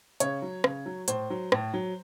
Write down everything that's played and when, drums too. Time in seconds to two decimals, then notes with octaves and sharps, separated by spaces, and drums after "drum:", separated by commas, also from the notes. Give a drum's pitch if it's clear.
0.20 C#3 C#5, drum: hi-hat
0.42 F#3
0.64 C#3, drum: rim click
0.86 F#3
1.08 A2 C5, drum: hi-hat
1.30 F#3
1.52 A2, drum: rim click
1.74 F#3